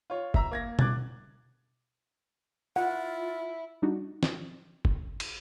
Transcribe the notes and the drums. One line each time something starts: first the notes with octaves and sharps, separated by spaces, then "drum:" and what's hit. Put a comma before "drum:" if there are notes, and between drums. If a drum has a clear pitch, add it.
F4 C#5
E5 A#5 E6, drum: kick
A#3 G#6 A#6
D6 F#6 G#6 A6, drum: tom B2
E4 F4 F#5
G3 D4 D#4 F#4
drum: snare
drum: kick
drum: cymbal